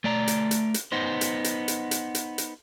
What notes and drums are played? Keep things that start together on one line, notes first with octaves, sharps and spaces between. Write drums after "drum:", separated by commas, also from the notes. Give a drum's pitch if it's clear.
A3 D5 A#5
drum: hi-hat
drum: hi-hat
drum: hi-hat
B3 D#4 C5
drum: hi-hat
drum: hi-hat
drum: hi-hat
drum: hi-hat
drum: hi-hat
drum: hi-hat